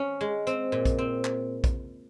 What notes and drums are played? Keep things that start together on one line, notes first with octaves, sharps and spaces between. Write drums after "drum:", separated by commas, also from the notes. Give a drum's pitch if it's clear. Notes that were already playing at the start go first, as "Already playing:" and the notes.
Already playing: C#4
G#3
C4, drum: hi-hat
A#2
drum: kick, hi-hat
C4
drum: clap
drum: kick, hi-hat